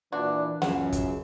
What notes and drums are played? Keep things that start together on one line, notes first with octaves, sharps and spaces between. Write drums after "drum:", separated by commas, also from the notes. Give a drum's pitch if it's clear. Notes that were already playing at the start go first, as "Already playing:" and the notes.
A#2 E3 D4 F#4
C#2 F#2 C#3 F#5, drum: snare
drum: kick, hi-hat